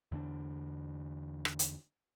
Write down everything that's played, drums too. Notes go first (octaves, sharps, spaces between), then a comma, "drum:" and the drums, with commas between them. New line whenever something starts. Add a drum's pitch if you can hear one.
E2 D3 B3 D4
drum: rim click
drum: hi-hat